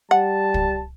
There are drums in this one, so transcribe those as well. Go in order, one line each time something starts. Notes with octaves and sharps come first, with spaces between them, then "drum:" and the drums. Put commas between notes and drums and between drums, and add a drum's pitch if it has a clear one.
G3 F#5 A5
drum: kick